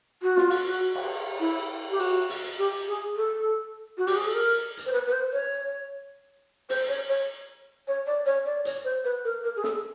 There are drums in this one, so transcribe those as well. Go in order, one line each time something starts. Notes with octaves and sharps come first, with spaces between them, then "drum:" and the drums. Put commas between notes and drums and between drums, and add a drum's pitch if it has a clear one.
F#4
F4, drum: snare
F#4, drum: open hi-hat
drum: cymbal
E4
G4
F#4, drum: cymbal
drum: open hi-hat
G4
G#4
A4
F#4
G4, drum: open hi-hat
G#4
A4
A#4
drum: hi-hat
C5
B4
B4
C5
C#5
C5, drum: open hi-hat
C#5
C#5
C#5
D5
C#5
D5
C#5, drum: hi-hat
C5
B4
A#4
A#4
G#4
A4, drum: snare